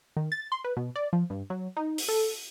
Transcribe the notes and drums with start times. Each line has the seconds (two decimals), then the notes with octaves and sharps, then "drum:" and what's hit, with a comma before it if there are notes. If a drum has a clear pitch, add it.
0.17 D#3
0.32 A6
0.52 C6
0.64 B4
0.77 B2
0.96 D5
1.13 F3
1.30 G2
1.50 F#3
1.77 D#4
1.98 drum: open hi-hat
2.08 A4